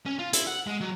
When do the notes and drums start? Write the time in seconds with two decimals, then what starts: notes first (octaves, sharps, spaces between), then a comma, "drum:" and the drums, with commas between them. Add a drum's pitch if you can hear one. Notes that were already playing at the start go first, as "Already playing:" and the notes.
0.06 C#4
0.19 F4
0.33 E4, drum: hi-hat
0.47 F#5
0.67 G#3
0.81 F#3